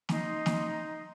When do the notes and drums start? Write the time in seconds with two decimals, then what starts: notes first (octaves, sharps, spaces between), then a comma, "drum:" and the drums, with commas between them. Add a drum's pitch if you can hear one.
0.09 D#4 C6, drum: snare
0.46 drum: snare